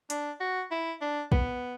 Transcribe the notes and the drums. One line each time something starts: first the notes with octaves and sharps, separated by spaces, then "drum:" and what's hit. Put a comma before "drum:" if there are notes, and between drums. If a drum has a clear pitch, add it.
D4, drum: hi-hat
F#4
E4
D4
B3, drum: kick